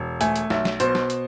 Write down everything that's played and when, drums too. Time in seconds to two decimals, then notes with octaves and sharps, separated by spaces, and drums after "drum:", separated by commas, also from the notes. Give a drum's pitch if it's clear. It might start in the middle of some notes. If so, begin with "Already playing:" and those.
Already playing: E1
0.21 A3 G#5, drum: hi-hat
0.36 drum: hi-hat
0.50 B1 E5, drum: snare
0.65 drum: snare
0.80 B2 C5, drum: hi-hat
0.95 drum: snare
1.10 drum: hi-hat